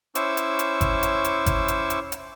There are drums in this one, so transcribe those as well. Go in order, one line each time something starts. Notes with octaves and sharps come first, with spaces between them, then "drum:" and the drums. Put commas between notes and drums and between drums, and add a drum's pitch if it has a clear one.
C#4 E4 C5 C#6 D6 E6, drum: hi-hat
drum: hi-hat
drum: hi-hat
drum: kick G#1, hi-hat
drum: hi-hat
drum: hi-hat
drum: kick G#1, hi-hat
drum: hi-hat
drum: hi-hat
drum: hi-hat